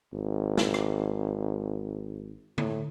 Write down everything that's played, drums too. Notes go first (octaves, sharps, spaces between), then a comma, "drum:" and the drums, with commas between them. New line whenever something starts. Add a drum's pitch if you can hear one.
G#1
drum: snare
drum: rim click
A2, drum: tom D3